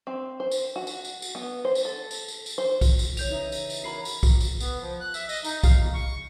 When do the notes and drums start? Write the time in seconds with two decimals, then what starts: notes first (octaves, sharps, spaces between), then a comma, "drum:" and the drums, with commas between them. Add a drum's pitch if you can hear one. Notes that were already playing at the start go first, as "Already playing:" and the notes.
0.07 C4
0.40 C5
0.52 drum: tambourine
0.76 F#4
0.87 drum: tambourine
1.05 drum: tambourine
1.22 drum: tambourine
1.35 B3
1.65 C5
1.75 drum: tambourine
1.85 A4
2.11 drum: tambourine
2.28 drum: tambourine
2.46 drum: tambourine
2.58 C5
2.81 drum: kick B1, tambourine
2.99 drum: tambourine
3.17 C#3 E3 C#5 G6 F7, drum: tambourine
3.30 D#4 D#5 E5
3.52 drum: tambourine
3.70 drum: tambourine
3.84 F#4 A#4 C#5 A#5 B5 C7
4.05 drum: tambourine
4.23 drum: kick B1, tambourine
4.41 drum: tambourine
4.60 B3, drum: tambourine
4.81 F3
5.00 F#6
5.14 E5, drum: tambourine
5.29 D#5, drum: tambourine
5.44 D#4, drum: tambourine
5.63 F5, drum: kick B1, tambourine
5.78 E2
5.94 C#6